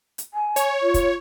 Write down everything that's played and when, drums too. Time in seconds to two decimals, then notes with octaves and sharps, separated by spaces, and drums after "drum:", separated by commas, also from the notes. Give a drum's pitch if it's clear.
0.18 drum: hi-hat
0.34 G#5
0.56 C#5, drum: hi-hat
0.82 F4
0.94 drum: kick, hi-hat